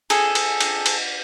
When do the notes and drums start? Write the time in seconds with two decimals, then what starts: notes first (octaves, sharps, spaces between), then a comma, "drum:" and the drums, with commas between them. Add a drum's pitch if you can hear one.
0.10 G#4 A4, drum: cymbal
0.35 drum: cymbal
0.60 drum: cymbal
0.86 drum: cymbal